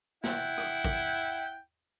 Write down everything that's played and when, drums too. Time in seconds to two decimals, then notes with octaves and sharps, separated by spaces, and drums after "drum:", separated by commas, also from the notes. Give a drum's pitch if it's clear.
0.24 E4 F#5 G5, drum: snare
0.58 drum: rim click
0.85 drum: kick